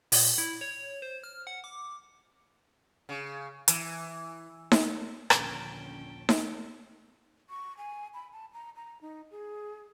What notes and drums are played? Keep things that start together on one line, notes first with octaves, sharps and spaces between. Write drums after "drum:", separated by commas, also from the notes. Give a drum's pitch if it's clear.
A#2, drum: open hi-hat
E4
C#5
C5
F6
F#5
D6
C#3
E3, drum: hi-hat
drum: snare D#4
A#1 D#2 A#2 D3 C#4 G5 A5, drum: rim click
drum: snare D#4
C#6
G#5
B5
A5
A#5
A#5
D#4
G#4